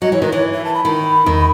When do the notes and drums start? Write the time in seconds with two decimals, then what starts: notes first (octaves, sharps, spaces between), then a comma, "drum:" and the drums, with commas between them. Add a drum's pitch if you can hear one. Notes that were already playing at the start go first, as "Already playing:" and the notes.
0.02 F#3 D#5
0.12 E3 C#5
0.22 D#3 B4
0.32 E3 C#5
0.53 E5
0.65 A5
0.74 B5
0.85 D#3 B5
1.26 D#3, drum: tom E2